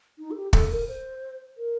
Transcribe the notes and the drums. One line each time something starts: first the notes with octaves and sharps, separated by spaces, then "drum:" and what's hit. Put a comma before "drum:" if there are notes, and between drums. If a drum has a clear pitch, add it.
D#4
A4
G4
A4, drum: kick
A#4
C5
A#4